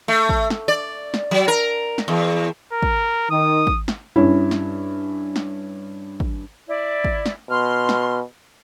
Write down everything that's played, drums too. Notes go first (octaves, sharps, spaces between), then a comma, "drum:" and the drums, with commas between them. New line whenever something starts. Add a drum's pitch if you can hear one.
A3
drum: kick
drum: snare
D5
drum: snare
F#3
A#4
drum: snare
E2
A#4
drum: kick
D#3 D#6
drum: kick
drum: snare
G2 C#4 E4
drum: snare
drum: snare
drum: kick
E4 D5
drum: kick
drum: snare
B2 C6 F6
drum: snare